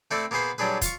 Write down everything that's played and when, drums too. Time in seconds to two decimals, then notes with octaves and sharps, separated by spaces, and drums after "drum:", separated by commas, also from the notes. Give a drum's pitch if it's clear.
0.11 A3 C4 E4 A4 D5
0.31 A#3 B3 G#4 B4 C5
0.58 F#3 G3 D4 G#4 B4
0.82 F4 C#6, drum: kick, hi-hat